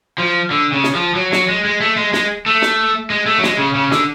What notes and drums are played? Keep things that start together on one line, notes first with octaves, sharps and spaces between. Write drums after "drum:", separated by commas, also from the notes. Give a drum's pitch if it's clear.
F3
D3
C#3
drum: snare
F3
F#3
F#3, drum: snare
G#3
G#3
A3
G#3
G#3, drum: snare
A3
drum: snare
G#3
A3
F#3
G#3, drum: snare
C#3
C#3
D3, drum: snare